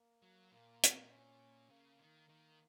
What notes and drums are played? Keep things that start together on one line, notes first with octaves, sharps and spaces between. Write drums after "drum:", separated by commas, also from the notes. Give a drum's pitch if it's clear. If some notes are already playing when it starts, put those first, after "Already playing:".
Already playing: A#3
F#3
A#2 A#3
drum: hi-hat
C#4
C#3 A#3
D#3
D#3